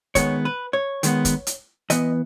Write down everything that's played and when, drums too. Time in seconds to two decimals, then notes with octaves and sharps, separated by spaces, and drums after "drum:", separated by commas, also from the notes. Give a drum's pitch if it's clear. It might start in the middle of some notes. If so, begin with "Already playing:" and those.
0.15 D#3 G#3 B3 C#5, drum: kick, hi-hat
0.45 B4
0.73 C#5
1.03 D#3 G#3 B3, drum: hi-hat
1.25 drum: kick, hi-hat
1.47 drum: hi-hat
1.90 E3 B3 D#5, drum: hi-hat